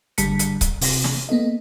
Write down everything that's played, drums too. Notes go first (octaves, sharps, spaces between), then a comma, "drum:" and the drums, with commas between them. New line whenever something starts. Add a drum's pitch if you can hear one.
G#1 D3 G3 A5 B6 C#7, drum: hi-hat
drum: hi-hat
drum: kick C#1, hi-hat
C3 A#6, drum: open hi-hat
drum: snare
A#3 B3 A4 D#5